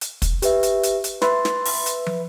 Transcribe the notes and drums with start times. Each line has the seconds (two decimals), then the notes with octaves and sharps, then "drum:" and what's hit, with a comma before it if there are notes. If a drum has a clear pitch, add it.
0.01 drum: hi-hat
0.22 drum: kick, hi-hat
0.42 G4 B4 E5, drum: hi-hat
0.63 drum: hi-hat
0.83 drum: hi-hat
1.04 drum: hi-hat
1.22 B4 E5 C6 A6, drum: snare
1.45 drum: snare
1.65 drum: open hi-hat
1.86 drum: hi-hat
2.06 drum: tom